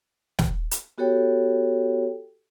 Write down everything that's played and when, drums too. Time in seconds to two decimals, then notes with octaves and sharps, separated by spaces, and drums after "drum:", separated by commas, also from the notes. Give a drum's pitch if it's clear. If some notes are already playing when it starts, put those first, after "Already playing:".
0.39 drum: snare
0.71 drum: hi-hat
0.98 B3 F#4 G4 A4 C#5 G5